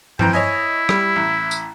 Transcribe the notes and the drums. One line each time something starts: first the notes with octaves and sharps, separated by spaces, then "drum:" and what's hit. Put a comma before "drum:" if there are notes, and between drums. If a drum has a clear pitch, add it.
F2 E3 G5 A#5, drum: tom G2
E4 C#5 D#5 G#5
G3, drum: rim click
A1
drum: tambourine